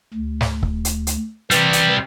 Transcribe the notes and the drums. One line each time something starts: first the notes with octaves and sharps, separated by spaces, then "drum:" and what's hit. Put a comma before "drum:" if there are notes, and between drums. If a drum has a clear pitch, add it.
D2
drum: snare
drum: kick C#1
drum: hi-hat
drum: hi-hat
C3 E3 G3, drum: hi-hat
drum: hi-hat